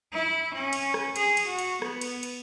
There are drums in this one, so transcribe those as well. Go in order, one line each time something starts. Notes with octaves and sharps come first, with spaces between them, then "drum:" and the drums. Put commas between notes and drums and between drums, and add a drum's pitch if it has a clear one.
E4
C#4
drum: cymbal
drum: rim click
G#4, drum: cymbal
drum: cymbal
F#4
drum: cymbal
B3, drum: rim click
drum: cymbal
drum: cymbal